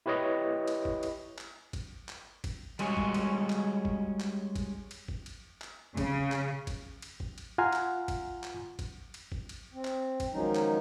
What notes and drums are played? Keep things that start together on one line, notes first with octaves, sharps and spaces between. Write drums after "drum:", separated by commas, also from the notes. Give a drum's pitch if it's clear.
E4 G4 B4 C#5 D#5
drum: cymbal
drum: kick
drum: cymbal
drum: clap
drum: kick, cymbal
drum: clap
drum: kick, cymbal
G3 G#3 C#4 F#4 G#4 C#5, drum: cymbal
drum: kick
drum: cymbal
drum: clap
drum: kick
drum: clap
drum: kick, cymbal
drum: cymbal
drum: kick
drum: cymbal
drum: clap
C#3, drum: kick, cymbal
drum: clap
drum: kick, cymbal
drum: cymbal
drum: kick
drum: cymbal
F4 F#5 G#5 A#5 C6 F6
drum: clap
drum: kick, cymbal
drum: clap
drum: kick, cymbal
drum: cymbal
drum: kick
drum: cymbal
C4
drum: clap
drum: kick, cymbal
D#3 F3 F#3 G#3 C#4 D#4
drum: clap